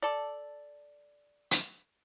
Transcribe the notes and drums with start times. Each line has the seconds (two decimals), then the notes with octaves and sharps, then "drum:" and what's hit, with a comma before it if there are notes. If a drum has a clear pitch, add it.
0.03 A4 D5
1.51 drum: hi-hat